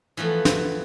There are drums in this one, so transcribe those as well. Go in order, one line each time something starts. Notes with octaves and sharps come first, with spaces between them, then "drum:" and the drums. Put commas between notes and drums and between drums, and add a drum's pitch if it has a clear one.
E3 F3 A3 B3
drum: snare